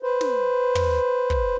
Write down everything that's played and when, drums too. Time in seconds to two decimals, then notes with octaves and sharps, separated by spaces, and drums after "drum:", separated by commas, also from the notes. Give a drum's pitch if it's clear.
0.03 B4 C5
0.21 drum: snare
0.75 drum: tom
1.30 drum: kick